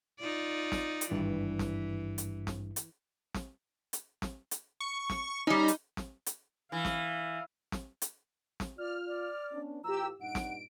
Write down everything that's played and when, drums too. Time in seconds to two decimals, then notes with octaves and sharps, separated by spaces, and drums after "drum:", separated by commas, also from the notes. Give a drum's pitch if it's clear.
0.20 D#4 F4 D5
0.72 drum: snare
1.01 drum: hi-hat
1.11 G#1 G2 E3
1.59 drum: snare
2.18 drum: hi-hat
2.47 drum: snare
2.76 drum: hi-hat
3.35 drum: snare
3.93 drum: hi-hat
4.22 drum: snare
4.51 drum: hi-hat
4.80 C#6
5.10 drum: snare
5.47 G3 C#4 D#4
5.68 drum: hi-hat
5.97 drum: snare
6.26 drum: hi-hat
6.72 E3 F5
6.85 drum: snare
7.72 drum: snare
8.02 drum: hi-hat
8.60 drum: snare
8.78 F4 D5 F6
9.07 D5
9.53 B3 C#4 D4
9.84 A2 E3 F4 G4 A#5 E6
10.21 G2 A#2 D#4 F#5 D7
10.35 drum: snare